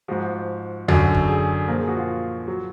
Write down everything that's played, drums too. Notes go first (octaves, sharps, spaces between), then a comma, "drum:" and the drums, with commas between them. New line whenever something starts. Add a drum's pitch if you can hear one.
G#2 F3 F#4
F#2 D3 F#3, drum: tom D#2
drum: kick
G#4
A#2 F3 A#4
G#4
F#4
F4
F#3